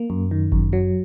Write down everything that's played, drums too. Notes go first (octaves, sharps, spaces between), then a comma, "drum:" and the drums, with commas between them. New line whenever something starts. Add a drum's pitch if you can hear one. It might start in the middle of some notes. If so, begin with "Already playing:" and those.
Already playing: A#3
F#2
D#3
F#2, drum: kick G1
F#3